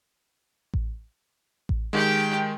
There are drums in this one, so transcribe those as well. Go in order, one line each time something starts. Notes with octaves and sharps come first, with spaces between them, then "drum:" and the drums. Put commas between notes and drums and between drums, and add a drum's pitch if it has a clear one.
drum: kick A1
drum: kick A1
D#3 G#3 G4 G5